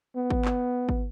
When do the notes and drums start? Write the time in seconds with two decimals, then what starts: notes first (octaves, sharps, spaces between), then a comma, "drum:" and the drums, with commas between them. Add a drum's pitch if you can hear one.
0.16 B3
0.30 drum: kick
0.45 drum: clap
0.89 drum: kick